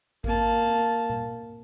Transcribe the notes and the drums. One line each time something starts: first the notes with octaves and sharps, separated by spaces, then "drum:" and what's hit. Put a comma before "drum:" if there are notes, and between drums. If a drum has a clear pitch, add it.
A#3 A5, drum: kick G#1
drum: tom A#2